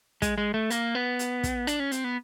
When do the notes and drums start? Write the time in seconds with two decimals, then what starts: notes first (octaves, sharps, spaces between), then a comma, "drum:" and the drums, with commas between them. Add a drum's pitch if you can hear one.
0.22 G#3, drum: kick, hi-hat
0.38 G#3
0.54 A3
0.70 A#3, drum: hi-hat
0.95 B3
1.19 drum: hi-hat
1.43 drum: kick, hi-hat
1.67 D4, drum: hi-hat
1.80 C#4
1.92 C4, drum: hi-hat
2.04 B3